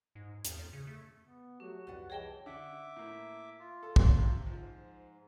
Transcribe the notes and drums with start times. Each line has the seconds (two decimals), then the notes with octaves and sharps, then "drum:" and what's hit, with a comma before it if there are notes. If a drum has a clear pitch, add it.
0.15 G#2
0.45 D#2, drum: hi-hat
0.58 F2
0.73 C#3
0.87 A3
1.26 B3
1.60 F#3 A3 F#4 G4
1.87 C2 F2 B4 D5 F#5
2.10 E3 G#4 C#5 D#5 G5 A5 G7
2.46 D3 E5 D6
2.96 A2 A#3
3.59 F4
3.83 A4
3.96 drum: kick
4.19 C3
4.46 G#2 F3